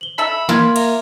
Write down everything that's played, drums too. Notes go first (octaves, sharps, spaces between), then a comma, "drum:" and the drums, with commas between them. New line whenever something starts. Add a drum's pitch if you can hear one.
F#7 G7
A4 E5 B5
A#3 F4 F5 G#6, drum: snare
A#4 E5, drum: cymbal